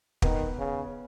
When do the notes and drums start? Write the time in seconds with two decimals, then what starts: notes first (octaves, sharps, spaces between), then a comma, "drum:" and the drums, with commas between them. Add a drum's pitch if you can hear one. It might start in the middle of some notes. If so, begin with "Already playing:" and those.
0.22 D#3 B3, drum: kick
0.58 C#3